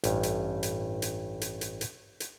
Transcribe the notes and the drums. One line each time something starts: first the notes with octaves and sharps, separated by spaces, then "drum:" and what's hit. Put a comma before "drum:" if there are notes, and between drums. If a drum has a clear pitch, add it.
A1 G2, drum: hi-hat
drum: hi-hat
drum: hi-hat
drum: hi-hat
drum: hi-hat
drum: hi-hat
drum: hi-hat
drum: hi-hat